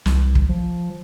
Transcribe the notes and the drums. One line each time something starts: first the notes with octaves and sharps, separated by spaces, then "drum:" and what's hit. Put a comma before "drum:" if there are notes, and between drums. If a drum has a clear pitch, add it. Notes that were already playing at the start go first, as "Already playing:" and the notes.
C2, drum: snare
drum: kick
F3